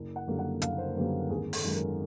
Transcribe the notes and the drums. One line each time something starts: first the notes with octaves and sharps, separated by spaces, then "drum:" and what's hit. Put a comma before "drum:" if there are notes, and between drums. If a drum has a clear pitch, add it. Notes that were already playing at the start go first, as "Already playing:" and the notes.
Already playing: F#1
F#5
F#2 D3 G3 A#3
F#5
F#1 F5, drum: hi-hat
C5
F#2 D3 G3 A#3 B4
G#1 G#4
A4, drum: open hi-hat
F#2 D#3 G#3
A#4